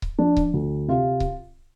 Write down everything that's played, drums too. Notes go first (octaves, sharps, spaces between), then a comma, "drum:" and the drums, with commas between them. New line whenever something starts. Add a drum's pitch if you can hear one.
drum: kick C#1
F3 D4
drum: kick C#1
D2
C3 F4
drum: kick C#1